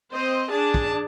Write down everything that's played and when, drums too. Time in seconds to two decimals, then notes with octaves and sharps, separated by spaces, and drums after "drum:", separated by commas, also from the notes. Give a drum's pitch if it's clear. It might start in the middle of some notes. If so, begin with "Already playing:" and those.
0.13 C4 C5 D#5
0.52 D4 G#4 A5
0.74 drum: kick